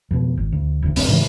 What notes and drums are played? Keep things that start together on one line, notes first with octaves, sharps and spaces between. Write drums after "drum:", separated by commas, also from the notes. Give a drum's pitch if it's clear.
F2 B2
G#1
D2
F1 D2
E1 C4 D4, drum: open hi-hat
G#2 C#3 E3